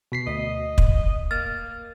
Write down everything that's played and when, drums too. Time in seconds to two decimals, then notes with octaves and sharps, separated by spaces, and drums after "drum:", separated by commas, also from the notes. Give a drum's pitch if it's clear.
0.12 B2 B6 C7
0.27 D2 D#5
0.78 drum: kick
1.31 A#3 F6 A6